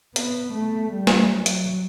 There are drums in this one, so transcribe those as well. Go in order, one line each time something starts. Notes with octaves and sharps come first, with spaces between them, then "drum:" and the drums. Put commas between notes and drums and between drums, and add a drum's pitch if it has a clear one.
B3, drum: hi-hat
A3
G3
drum: snare
F#3
drum: hi-hat